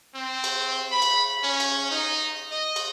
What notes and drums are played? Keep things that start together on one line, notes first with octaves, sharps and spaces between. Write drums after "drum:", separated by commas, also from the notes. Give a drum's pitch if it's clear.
C4
drum: cymbal
B5
drum: cymbal
C#4
drum: cymbal
D#4
D#5
drum: cymbal